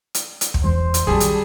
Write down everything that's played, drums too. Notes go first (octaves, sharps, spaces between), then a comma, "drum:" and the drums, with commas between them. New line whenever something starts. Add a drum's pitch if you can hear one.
drum: hi-hat
drum: hi-hat
drum: kick
E2 C5
drum: hi-hat
F#2 D#3 G3 G#4 A5
drum: hi-hat